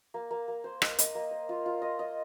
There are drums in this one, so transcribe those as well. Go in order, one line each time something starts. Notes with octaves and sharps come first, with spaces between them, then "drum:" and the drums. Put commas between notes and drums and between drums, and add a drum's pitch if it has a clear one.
A#3
A#3
A#3
C5
D#5, drum: rim click
D#5, drum: hi-hat
A#3
C5
F4
F4
D#5
D#5